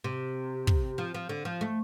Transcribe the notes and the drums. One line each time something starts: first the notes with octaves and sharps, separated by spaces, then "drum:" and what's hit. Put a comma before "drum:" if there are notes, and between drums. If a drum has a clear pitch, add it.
C3
drum: kick
F3
F3
D3
F3
A3